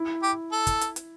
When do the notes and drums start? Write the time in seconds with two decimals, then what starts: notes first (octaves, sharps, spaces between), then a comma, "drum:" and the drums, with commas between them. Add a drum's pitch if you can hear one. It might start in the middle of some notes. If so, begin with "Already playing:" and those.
Already playing: E4
0.23 G4
0.52 A4
0.67 drum: kick, hi-hat
0.81 drum: hi-hat
0.96 drum: hi-hat